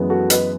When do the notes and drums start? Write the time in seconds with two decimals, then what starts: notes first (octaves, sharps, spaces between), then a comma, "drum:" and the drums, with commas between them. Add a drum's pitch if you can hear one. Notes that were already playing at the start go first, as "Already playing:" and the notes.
Already playing: F#2 E3 G#3 B3
0.09 F#4 A4
0.30 B4 D#5, drum: hi-hat